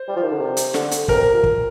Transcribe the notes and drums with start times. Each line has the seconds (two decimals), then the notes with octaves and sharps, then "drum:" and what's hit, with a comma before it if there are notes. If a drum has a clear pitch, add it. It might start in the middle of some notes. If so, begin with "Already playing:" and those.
Already playing: C5
0.08 G3
0.16 F3
0.23 D#3
0.31 D3
0.39 C3
0.57 drum: hi-hat
0.74 D3, drum: snare
0.91 drum: hi-hat
1.08 C3 A#4, drum: kick
1.32 A#2
1.44 drum: kick